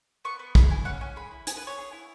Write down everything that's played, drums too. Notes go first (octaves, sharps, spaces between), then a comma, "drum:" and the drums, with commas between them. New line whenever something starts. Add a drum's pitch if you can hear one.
B3 C#6
B3
G#4 B5, drum: kick
E4 G#5
C#4 F#5
C#4 G#5
G#4 B5
E4
B3 G#5, drum: hi-hat
B4
B3 C#5
G#4
E4